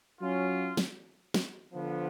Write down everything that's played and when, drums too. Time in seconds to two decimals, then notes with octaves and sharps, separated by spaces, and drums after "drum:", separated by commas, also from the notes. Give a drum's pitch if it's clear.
0.20 F#3 C#4 F4
0.77 drum: snare
1.34 drum: snare
1.73 D3 F3 B3